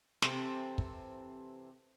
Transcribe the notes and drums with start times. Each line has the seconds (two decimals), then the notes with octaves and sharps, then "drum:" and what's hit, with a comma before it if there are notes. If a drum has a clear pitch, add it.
0.22 C3 E3 C4 A4, drum: snare
0.78 drum: kick